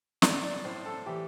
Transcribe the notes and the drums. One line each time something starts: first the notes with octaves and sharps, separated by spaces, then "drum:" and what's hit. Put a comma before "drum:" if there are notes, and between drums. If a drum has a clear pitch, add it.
A2 D5, drum: snare
D5
A2 C5
A4
E3 G4